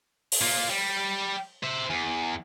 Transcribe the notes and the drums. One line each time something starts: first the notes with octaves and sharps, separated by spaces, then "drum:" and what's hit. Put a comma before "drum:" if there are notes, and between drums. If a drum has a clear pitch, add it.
drum: open hi-hat
A#3 F4
G3
C5 E5
E2